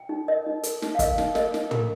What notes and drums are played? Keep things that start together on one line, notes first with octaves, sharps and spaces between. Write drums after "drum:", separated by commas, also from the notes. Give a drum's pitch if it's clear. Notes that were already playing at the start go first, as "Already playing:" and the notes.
Already playing: G5
D#4
A#4 D#5
D#4
A#4, drum: hi-hat
D#4, drum: snare
F5
A#4 D#5, drum: kick, hi-hat
D#4, drum: snare
A#4 D#5, drum: snare
D#4, drum: snare
A#4, drum: tom